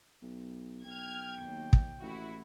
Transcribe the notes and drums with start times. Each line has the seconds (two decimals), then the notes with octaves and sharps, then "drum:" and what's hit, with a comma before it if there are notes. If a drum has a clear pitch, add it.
0.22 B1
0.85 B1 G5 F6 G#6
1.41 D#2
1.73 drum: kick
2.02 A1 E4 F#4